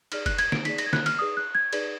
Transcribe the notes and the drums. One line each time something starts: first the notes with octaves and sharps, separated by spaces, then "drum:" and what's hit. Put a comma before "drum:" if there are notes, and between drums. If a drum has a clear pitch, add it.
D#4 G#4 D5 F6, drum: cymbal
F#6, drum: kick F#1, cymbal
G#6, drum: cymbal
D7, drum: snare
D#4 G#4 D5 B6, drum: cymbal
A#6, drum: cymbal
G#6
F#6, drum: snare
F6, drum: cymbal
D#4 G#4 B4 D5 D#6
F#6
G#6
D#4 G#4 B4 D5, drum: cymbal